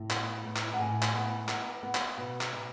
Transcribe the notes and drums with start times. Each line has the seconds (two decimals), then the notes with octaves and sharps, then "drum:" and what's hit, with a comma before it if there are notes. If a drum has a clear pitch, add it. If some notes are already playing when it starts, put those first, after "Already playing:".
Already playing: A2
0.10 B3, drum: clap
0.44 A2
0.56 drum: clap
0.73 F#5
0.79 A2 G#5
1.02 drum: clap
1.13 B3
1.48 B3, drum: clap
1.83 B3
1.95 drum: clap
2.18 B2
2.41 drum: clap
2.53 B2